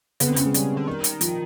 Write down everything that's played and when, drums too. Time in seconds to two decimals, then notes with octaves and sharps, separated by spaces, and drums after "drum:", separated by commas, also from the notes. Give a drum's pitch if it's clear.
0.20 C#3 B3, drum: hi-hat
0.28 D3 C4
0.36 C#3 C#4, drum: hi-hat
0.46 G#3
0.54 G3, drum: hi-hat
0.77 D3
0.88 D#3
1.04 drum: hi-hat
1.21 F3, drum: hi-hat